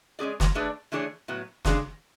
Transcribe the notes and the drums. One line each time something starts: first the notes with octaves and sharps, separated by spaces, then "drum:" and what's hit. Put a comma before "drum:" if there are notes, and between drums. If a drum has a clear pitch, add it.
G#3 C#4 G#4 D5
drum: snare
A3 D4 G#4 B4 D5
E3 A3 D4 G#4 C#5
A2 F#3 B3
C#3 G#3 D4 G#4, drum: snare